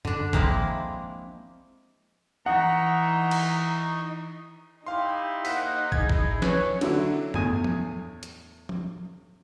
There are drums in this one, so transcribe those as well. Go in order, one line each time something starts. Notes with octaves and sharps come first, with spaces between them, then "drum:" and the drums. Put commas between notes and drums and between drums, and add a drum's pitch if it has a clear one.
D3 D4, drum: tom F#2
F3 G#3 A#3 C4 E4, drum: kick
E3 D#4 D#5 F#5 A#5 C#6
drum: cymbal
D#4 E4 G4 F5 C6
A#3 C5 F#5 B6, drum: open hi-hat
E4 G#4 G#6, drum: kick
drum: kick
B4 C#5, drum: snare
D3 F#3 E4, drum: cymbal
E2 A2 G#5 D#6, drum: tom F#2
drum: tom F3
drum: hi-hat
drum: tom F3